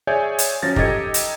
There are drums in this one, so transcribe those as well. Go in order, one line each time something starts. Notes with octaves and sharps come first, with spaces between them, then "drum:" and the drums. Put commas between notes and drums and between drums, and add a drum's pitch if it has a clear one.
G#4 C#5 D5 E5 G#5 G6
drum: hi-hat
F3 F#3 C#4 A6 A#6
D#4 G4 A4 D#5 G#6 C#7, drum: kick
drum: hi-hat